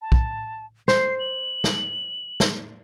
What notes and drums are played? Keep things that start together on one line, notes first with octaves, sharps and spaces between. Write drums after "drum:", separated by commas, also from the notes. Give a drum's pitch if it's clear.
A5
drum: kick
C5 C7, drum: snare
F#7
drum: snare
drum: snare